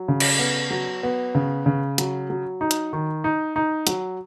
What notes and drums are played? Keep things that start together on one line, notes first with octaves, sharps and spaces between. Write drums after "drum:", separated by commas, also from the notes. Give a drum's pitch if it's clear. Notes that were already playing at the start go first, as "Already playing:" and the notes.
Already playing: F#3
C#3
drum: cymbal
B3
F#3
B3
C#3
C#3
F#3, drum: hi-hat
F#3
D#4
drum: hi-hat
D#3
D#4
D#4
F#3, drum: hi-hat